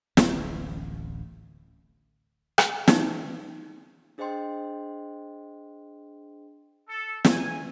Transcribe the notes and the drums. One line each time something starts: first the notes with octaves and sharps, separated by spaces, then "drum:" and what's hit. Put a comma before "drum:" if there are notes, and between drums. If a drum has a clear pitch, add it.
D1 A1 A2, drum: snare
drum: rim click
D#4, drum: snare
D4 G#4 C5 D#5 G5 C6
A4
G#5, drum: snare